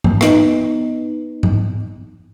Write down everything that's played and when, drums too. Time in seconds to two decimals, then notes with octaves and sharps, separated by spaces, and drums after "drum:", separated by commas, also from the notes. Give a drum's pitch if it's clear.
0.04 drum: tom G#2
0.21 B3 D#4, drum: rim click
1.43 drum: tom G#2